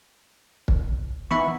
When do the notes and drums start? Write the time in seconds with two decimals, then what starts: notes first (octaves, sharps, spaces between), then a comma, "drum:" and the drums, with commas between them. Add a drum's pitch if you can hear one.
0.68 drum: kick
1.31 E3 B3 D#4 E4 E5 B5 C#6